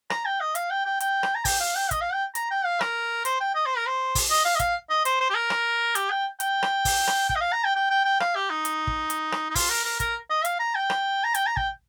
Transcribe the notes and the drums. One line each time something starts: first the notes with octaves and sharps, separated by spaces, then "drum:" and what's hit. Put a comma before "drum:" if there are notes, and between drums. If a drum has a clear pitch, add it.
A#5, drum: rim click
G5
D#5
F5, drum: hi-hat
G5
G5
G5, drum: hi-hat
drum: rim click
A#5
G5, drum: kick, open hi-hat
F5
G5
D#5, drum: kick, hi-hat
F5
G5
A#5, drum: hi-hat
G5
F5
A#4, drum: rim click
C5, drum: hi-hat
G5
D#5
C5
A#4
C5
drum: kick, open hi-hat
D#5
F5
D#5
F5, drum: kick, hi-hat
D#5
C5, drum: hi-hat
C5
G4
A#4
drum: rim click
G4, drum: hi-hat
G5
G5, drum: hi-hat
drum: rim click
drum: kick, open hi-hat
drum: rim click
G5, drum: kick
D#5
F5
A#5
G5
G5
G5
G5
F5, drum: rim click
G4
D#4
drum: hi-hat
drum: kick
drum: hi-hat
drum: rim click
D#4
F4, drum: kick, open hi-hat
A#4
A#4
A#4, drum: kick, hi-hat
D#5
F5, drum: hi-hat
A#5
G5
drum: rim click
A#5
G5, drum: hi-hat
A#5
G5, drum: kick